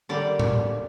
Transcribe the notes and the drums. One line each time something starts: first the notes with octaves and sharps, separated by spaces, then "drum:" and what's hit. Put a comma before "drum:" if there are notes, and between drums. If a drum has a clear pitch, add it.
D3 G3 A#3 D5
drum: tom A2